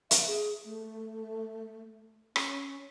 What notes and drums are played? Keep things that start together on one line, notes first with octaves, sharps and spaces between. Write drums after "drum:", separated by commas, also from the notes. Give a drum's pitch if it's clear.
E5, drum: hi-hat
G#4
A3
C#4, drum: rim click